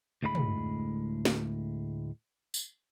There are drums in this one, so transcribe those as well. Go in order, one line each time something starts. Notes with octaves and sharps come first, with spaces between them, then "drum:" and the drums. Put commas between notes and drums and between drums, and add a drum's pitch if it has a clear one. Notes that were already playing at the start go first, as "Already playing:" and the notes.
D2 A2 G#3 C5 B5
drum: tom
drum: snare
drum: tambourine